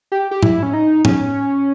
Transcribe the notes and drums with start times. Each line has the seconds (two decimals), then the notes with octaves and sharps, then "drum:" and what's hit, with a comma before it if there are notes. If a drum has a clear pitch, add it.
0.12 G4
0.31 G4
0.43 E4, drum: tom A2
0.63 C#4
0.73 D#4
1.05 C#4, drum: tom A2